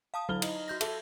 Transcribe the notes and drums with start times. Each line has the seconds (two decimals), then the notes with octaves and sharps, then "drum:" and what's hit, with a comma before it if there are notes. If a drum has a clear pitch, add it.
0.14 F5 A5 D#6
0.29 D3 F#3 E4 F6 G7
0.42 D#4 F#7, drum: cymbal
0.68 F#4 G6 A#6
0.81 A4 E5, drum: cymbal